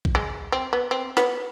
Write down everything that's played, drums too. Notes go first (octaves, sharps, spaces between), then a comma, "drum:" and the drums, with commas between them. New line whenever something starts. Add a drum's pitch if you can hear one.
drum: kick A#1
G#3
C4
B3
C4
B3, drum: snare